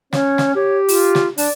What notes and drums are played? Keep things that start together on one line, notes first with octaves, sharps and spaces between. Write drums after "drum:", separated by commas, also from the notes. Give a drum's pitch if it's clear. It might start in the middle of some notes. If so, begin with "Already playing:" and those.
C#4 C#5, drum: snare
drum: snare
G4 C#5
F4, drum: open hi-hat
drum: snare
D4 D5, drum: open hi-hat